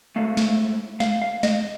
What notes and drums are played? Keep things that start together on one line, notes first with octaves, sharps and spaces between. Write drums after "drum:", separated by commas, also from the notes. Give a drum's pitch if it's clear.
G#2 E3 A3 F5
drum: snare
F5, drum: snare
F5
D#5, drum: snare